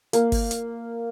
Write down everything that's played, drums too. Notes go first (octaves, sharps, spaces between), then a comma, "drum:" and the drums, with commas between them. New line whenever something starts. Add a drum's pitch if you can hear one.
A#3, drum: hi-hat
drum: kick G1, open hi-hat
drum: hi-hat